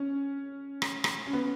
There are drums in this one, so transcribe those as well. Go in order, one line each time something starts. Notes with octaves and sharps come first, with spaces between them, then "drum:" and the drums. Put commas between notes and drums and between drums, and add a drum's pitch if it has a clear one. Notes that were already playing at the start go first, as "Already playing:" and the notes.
Already playing: C#4
drum: rim click
drum: rim click
C#4
B3